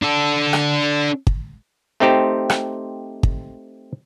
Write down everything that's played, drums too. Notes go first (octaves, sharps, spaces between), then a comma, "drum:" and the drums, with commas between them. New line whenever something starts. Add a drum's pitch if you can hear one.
D4 A4
drum: rim click
drum: kick
A3 C4 D#4 G4 C5
drum: rim click
drum: kick